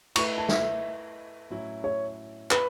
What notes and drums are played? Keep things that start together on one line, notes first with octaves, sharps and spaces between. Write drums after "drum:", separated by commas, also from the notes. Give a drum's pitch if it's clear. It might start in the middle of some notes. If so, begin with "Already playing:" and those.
A3 E4 B4 C#6, drum: cymbal
A5
E5, drum: snare
A2 F#3 C#4 E4
C#5
B4, drum: clap